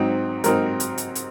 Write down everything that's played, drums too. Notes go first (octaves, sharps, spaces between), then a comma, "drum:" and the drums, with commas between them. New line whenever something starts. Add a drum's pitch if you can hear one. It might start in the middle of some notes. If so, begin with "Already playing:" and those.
Already playing: G#2 F#3 C4 D#4
G#2 F#3 C4 D#4 A#4, drum: hi-hat
drum: hi-hat
drum: hi-hat
drum: hi-hat